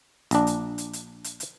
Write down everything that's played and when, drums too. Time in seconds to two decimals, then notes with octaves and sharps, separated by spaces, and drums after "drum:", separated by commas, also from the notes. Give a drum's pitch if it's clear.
0.31 A#1 D4, drum: hi-hat
0.47 drum: hi-hat
0.78 drum: hi-hat
0.93 drum: hi-hat
1.24 drum: hi-hat
1.40 drum: hi-hat